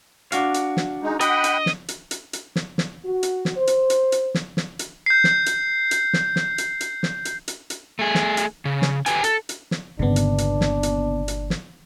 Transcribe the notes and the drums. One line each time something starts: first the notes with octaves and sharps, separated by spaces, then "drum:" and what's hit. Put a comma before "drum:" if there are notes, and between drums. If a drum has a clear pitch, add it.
D4 F#4 F5, drum: hi-hat
drum: hi-hat
drum: snare
G#3 D#4
D#5 F#5 G5 B5, drum: hi-hat
drum: hi-hat
drum: snare
drum: hi-hat
drum: hi-hat
drum: hi-hat
drum: snare
drum: snare
F#4
drum: hi-hat
drum: snare
C5
drum: hi-hat
drum: hi-hat
drum: hi-hat
drum: snare
drum: snare
drum: hi-hat
G6 C7
drum: snare
drum: hi-hat
drum: hi-hat
drum: snare
drum: snare
drum: hi-hat
drum: hi-hat
drum: snare
drum: hi-hat
drum: hi-hat
drum: hi-hat
A3 G#4
drum: snare
drum: hi-hat
C#3
drum: snare
G4 B4 G5 G#5, drum: hi-hat
A4, drum: hi-hat
drum: hi-hat
drum: snare
G1 A#2 C#3 B3 D4
drum: hi-hat
drum: hi-hat
drum: snare
drum: hi-hat
drum: hi-hat
drum: snare